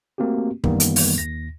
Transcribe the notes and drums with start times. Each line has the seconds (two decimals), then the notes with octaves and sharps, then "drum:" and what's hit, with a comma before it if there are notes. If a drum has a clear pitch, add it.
0.18 A3 A#3 C4 F#4 G4
0.64 F#2 D#3 E3 G3 A#3 B3, drum: kick
0.80 drum: hi-hat
0.96 drum: open hi-hat
1.17 D#2 A#6